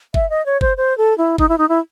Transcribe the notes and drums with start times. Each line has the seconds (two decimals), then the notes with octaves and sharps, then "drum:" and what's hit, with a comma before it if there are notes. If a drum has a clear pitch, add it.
0.14 E5, drum: kick
0.30 D#5
0.46 C#5
0.61 C5, drum: kick
0.77 C5
0.98 A4
1.18 E4
1.38 D#4, drum: kick
1.49 E4
1.58 D#4
1.69 E4